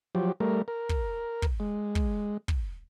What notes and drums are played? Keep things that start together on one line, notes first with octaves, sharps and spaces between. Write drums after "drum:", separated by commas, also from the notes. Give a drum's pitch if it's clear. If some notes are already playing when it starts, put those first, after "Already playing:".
F3 F#3 G4
G3 A3 A#4
A#4
drum: kick
drum: kick
G#3
drum: kick
drum: kick